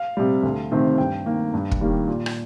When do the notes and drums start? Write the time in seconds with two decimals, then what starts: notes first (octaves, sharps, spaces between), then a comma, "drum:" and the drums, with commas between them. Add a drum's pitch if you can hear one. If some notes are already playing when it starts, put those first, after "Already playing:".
Already playing: F5
0.17 C3 G3
0.43 D2
0.71 C3 D#3 A3 C4
0.98 G2 G5
1.26 D#3 A#3
1.54 G2
1.71 drum: kick
1.81 D#3 G3 A#3
2.08 A#2
2.26 drum: rim click